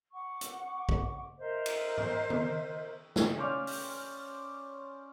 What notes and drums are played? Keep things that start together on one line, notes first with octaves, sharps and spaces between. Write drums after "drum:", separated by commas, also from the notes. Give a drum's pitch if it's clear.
F#5 C#6 D6
drum: hi-hat
drum: kick A#1
A#4 C5 D#5 E5
drum: cymbal
drum: tom G#2
drum: tom D#3
drum: snare
C#4 C5 D5 F5
drum: open hi-hat